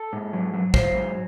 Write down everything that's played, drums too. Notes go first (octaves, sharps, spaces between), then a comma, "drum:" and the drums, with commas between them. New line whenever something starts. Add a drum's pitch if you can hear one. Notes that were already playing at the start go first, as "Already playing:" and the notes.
Already playing: A4
G#2
F#3
F#3
F#3 C5, drum: kick
G#2